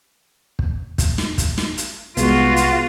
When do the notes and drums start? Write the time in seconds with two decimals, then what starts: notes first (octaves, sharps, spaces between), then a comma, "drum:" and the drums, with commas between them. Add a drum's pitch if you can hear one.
0.59 drum: kick
0.98 drum: kick, hi-hat
1.18 drum: snare
1.38 drum: kick, hi-hat
1.58 drum: snare
1.77 drum: hi-hat
2.17 C2 G#3 B3 F4 F#4 C6, drum: hi-hat
2.56 drum: hi-hat